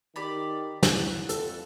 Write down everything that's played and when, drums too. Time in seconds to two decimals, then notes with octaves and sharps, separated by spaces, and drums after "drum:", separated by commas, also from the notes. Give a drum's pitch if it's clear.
0.16 D#3 G4 D5 B5
0.83 E4 F#5 F#6, drum: snare
1.29 F2 A4, drum: hi-hat